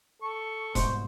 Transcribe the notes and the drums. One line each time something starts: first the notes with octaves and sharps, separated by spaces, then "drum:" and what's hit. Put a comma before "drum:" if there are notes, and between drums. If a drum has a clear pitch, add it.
A4 C#6
C2 G#2 B2 C5, drum: kick, hi-hat